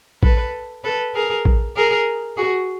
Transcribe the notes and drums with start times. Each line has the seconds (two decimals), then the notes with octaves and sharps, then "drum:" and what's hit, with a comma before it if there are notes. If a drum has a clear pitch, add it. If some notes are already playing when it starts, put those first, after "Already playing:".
0.23 A4 B4, drum: kick A1
0.84 A4 B4
1.15 G#4 A#4
1.45 drum: kick A1
1.76 G#4 A#4
2.37 F#4 G#4